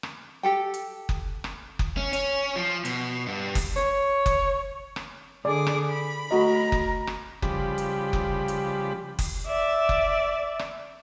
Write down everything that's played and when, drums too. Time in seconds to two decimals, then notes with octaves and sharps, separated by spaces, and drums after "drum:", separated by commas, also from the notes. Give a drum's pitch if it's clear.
0.03 drum: rim click
0.43 G4 A4 G5
0.74 drum: hi-hat
1.09 drum: kick F#1
1.44 drum: rim click
1.79 drum: kick F#1
1.97 C#4
2.13 C#4, drum: hi-hat
2.56 F3
2.85 B2, drum: hi-hat
3.27 G2
3.55 drum: kick F#1, open hi-hat
3.77 C#5
4.26 drum: kick F#1, hi-hat
4.96 drum: rim click
5.45 D3 G#4 D5 D6
5.67 drum: rim click
5.89 B5
6.31 A3 F#4 D#5 A#5
6.72 drum: kick F#1
7.07 drum: rim click
7.42 C#3 F3 G3 G4 B5, drum: kick F#1
7.78 drum: hi-hat
8.13 drum: kick F#1
8.48 drum: hi-hat
9.19 drum: kick F#1, open hi-hat
9.47 D5 E5
9.89 drum: kick F#1
10.59 drum: rim click